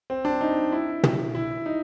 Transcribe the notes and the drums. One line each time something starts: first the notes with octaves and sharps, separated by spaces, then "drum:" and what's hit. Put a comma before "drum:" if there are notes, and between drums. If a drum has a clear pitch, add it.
C4
D4
D#4
E4
drum: tom
E4
D#4